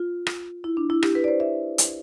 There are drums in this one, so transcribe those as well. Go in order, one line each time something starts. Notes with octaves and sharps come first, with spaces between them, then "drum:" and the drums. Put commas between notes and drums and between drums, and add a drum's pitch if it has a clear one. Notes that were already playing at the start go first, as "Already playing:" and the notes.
Already playing: F4
drum: rim click
E4
D4
E4
G4, drum: rim click
B4
D5
C5
E5
drum: hi-hat